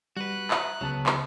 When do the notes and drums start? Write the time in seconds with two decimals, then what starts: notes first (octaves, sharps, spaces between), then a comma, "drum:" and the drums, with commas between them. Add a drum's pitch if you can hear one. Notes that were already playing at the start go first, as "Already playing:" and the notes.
0.17 G3 F#4 B4 F#6
0.51 E5 A#5 D#6, drum: clap
0.81 C#2 C#3 F#3 B3 A5
1.06 drum: clap